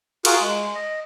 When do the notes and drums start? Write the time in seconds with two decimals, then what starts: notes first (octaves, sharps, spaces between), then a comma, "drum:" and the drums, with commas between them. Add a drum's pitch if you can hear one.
0.25 F4 F#4 G#4 A#4, drum: cymbal
0.41 G#3
0.75 D#5